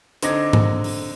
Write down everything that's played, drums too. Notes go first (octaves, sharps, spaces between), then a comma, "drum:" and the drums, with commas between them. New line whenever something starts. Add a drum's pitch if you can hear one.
D3 C4 D#4 D6 G#6 A#6, drum: hi-hat
drum: tom G#2
drum: open hi-hat